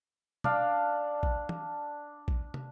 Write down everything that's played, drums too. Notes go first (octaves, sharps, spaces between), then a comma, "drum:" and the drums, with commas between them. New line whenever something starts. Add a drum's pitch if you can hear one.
D4 F5, drum: tom
drum: kick
drum: tom E3
drum: kick
drum: tom